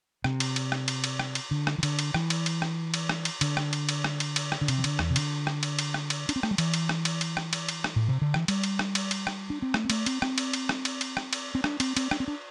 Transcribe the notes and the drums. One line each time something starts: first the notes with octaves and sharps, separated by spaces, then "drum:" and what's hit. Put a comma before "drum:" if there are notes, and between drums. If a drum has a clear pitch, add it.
C3, drum: rim click
drum: cymbal
drum: cymbal
drum: rim click
drum: cymbal
drum: cymbal
drum: rim click
drum: cymbal
D3
drum: rim click
E3
D3, drum: cymbal
drum: cymbal
E3, drum: rim click
drum: cymbal
drum: cymbal
drum: rim click
drum: cymbal
drum: rim click
drum: cymbal
D3, drum: cymbal
drum: rim click
drum: cymbal
drum: cymbal
drum: rim click
drum: cymbal
drum: cymbal
drum: rim click
D3
C3, drum: cymbal
E3
D3, drum: cymbal
E2, drum: rim click
C3
D3, drum: cymbal
drum: rim click
drum: cymbal
drum: cymbal
drum: rim click
drum: cymbal
D4, drum: cymbal
C4
A3, drum: rim click
G3
E3, drum: cymbal
drum: cymbal
drum: rim click
drum: cymbal
drum: cymbal
drum: rim click
drum: cymbal
drum: cymbal
drum: rim click
A2
C3
D3
E3, drum: rim click
G3, drum: cymbal
drum: cymbal
drum: rim click
drum: cymbal
drum: cymbal
drum: rim click
D4
C4
A3, drum: rim click
C4
A3, drum: cymbal
C4, drum: cymbal
C4, drum: rim click
drum: cymbal
drum: cymbal
drum: rim click
drum: cymbal
drum: cymbal
drum: rim click
drum: cymbal
C4
D4, drum: rim click
C4, drum: cymbal
C4, drum: cymbal
D4, drum: rim click
C4
D4